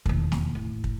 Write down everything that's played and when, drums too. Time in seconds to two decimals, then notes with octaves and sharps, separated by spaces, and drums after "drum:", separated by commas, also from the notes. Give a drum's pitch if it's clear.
0.06 E1 D#2, drum: kick
0.32 drum: snare
0.55 A1
0.84 drum: kick